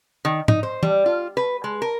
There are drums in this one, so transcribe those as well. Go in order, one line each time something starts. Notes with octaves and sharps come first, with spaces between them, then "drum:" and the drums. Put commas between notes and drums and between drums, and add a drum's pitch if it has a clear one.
D#3
D#4, drum: tom G#2
C5
G3, drum: tom
F4
B4
G#3
A#4